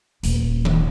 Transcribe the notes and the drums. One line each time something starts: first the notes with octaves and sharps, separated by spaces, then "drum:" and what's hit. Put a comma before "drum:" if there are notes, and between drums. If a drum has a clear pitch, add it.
D#1 A#2, drum: hi-hat
drum: tom D#3